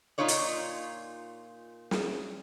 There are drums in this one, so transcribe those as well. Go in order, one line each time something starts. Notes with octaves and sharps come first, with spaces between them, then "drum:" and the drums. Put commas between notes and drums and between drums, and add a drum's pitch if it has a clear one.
A#2 A3 D#4 F4 C#5 D5
drum: hi-hat
drum: snare